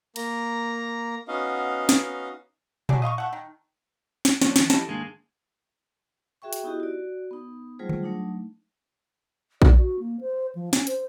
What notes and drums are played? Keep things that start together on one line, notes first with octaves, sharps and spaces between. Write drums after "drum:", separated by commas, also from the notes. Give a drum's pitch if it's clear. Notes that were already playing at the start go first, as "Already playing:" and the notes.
A#3 A#5, drum: cymbal
B3 C#4 D#4 F#4 D#5 F5
drum: snare
F#3 A3 G#4 D5, drum: tom A#2
D#5 F5 C6 C#6
A3 F#5
D#3
drum: snare
F3 A#3 D4 C#5, drum: snare
D#3 F3, drum: snare
F3 E4 G4 A4 D#5 A5, drum: snare
D#2 G#2 G#3 A#3 D4 G#4
F#4 G#4 E5 G5 C#6
drum: hi-hat
B3 D#4 E4 F#4 G4 D#5
F#4 D5
B3 D#4
F#3 G3 A3 F4 G#4 C5
drum: tom D3
F#3 A3 D4 D#4
D5, drum: kick A#1
F#4
A#3
C5
F3
C#4, drum: snare
C5, drum: hi-hat